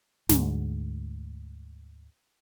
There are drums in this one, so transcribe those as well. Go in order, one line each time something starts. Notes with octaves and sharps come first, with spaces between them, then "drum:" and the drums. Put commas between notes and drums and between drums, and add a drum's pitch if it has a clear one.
D2 G#2, drum: snare